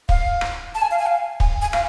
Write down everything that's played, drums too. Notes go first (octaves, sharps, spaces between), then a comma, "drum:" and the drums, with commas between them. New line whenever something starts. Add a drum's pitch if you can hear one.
F5, drum: kick
drum: rim click
A5
G#5
F5
G#5
F5
G#5, drum: kick
G#5
F5, drum: rim click